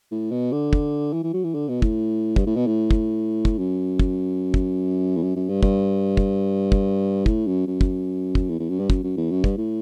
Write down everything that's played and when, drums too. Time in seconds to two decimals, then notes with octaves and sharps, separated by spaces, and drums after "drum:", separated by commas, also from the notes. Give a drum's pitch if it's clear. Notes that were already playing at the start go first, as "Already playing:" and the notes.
0.11 A2
0.31 B2
0.52 D3
0.73 drum: kick
1.13 E3
1.23 E3
1.33 F#3
1.44 E3
1.54 D3
1.69 B2
1.82 A2, drum: kick
2.36 G2, drum: kick
2.46 A2
2.56 B2
2.67 A2
2.91 drum: kick
3.45 drum: kick
3.58 F#2
4.00 drum: kick
4.54 drum: kick
5.16 E2
5.22 F#2
5.36 F#2
5.49 G2
5.63 G2, drum: kick
6.17 drum: kick
6.72 drum: kick
7.26 A2, drum: kick
7.47 F#2
7.67 F#2
7.81 drum: kick
8.35 drum: kick
8.49 E2
8.59 E2
8.69 F#2
8.80 G2
8.90 F#2, drum: kick
9.03 F#2
9.17 E2
9.31 F#2
9.44 G2, drum: kick
9.58 A2